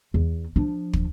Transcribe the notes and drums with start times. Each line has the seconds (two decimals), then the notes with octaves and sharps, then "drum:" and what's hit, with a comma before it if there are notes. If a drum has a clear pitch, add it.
0.14 E2
0.56 F3 D4
0.93 drum: kick